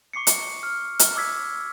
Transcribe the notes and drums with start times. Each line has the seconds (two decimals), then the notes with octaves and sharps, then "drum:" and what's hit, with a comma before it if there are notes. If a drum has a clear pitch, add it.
0.13 C#6 D6 C7 C#7
0.27 drum: hi-hat
0.63 F6
0.99 drum: hi-hat
1.16 D6 E6 G#6 B6